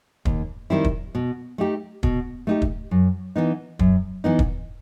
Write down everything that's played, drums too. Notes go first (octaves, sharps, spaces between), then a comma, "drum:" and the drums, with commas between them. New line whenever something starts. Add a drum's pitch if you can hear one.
D#2, drum: kick
D#3 G3 C4 E4
drum: kick
B2
A3 D#4 G4
B2, drum: kick
A3 D#4 G4
drum: kick
F#2
E3 B3 D#4
F#2, drum: kick
E3 B3 D#4
drum: kick